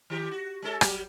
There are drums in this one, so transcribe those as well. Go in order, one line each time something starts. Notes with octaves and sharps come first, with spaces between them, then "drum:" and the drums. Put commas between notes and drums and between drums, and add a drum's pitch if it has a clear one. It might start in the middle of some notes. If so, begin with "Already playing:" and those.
D#3 G4
F#4
G#3 C#4 A4
F#3 G3 G4, drum: rim click